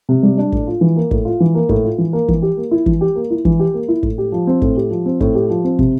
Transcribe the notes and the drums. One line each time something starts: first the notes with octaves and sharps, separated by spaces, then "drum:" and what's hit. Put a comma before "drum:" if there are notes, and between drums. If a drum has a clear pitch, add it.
C3
G3
D4
A2, drum: kick
F4
E3
A#3
A2, drum: kick
F4
E3
A#3
A2, drum: kick
F4
E3
A#3
E3, drum: kick
G4
A#3
E4
E3, drum: kick
G4
A#3
E4
E3, drum: kick
G4
A#3
E4
A2, drum: kick
G4
F3
C4
A2, drum: kick
G4
F3
C4
A2, drum: kick
G4
F3
C4
C3, drum: kick